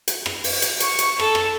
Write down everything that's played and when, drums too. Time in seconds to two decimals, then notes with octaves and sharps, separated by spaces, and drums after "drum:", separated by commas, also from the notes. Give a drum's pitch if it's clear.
0.08 drum: hi-hat
0.26 drum: rim click
0.44 drum: open hi-hat
0.62 drum: hi-hat
0.80 C#6, drum: hi-hat
0.98 drum: hi-hat
1.20 A4, drum: rim click
1.35 drum: rim click